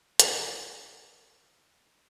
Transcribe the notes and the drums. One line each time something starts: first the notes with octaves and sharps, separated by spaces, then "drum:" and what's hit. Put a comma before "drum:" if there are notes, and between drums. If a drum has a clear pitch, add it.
F5 C6, drum: hi-hat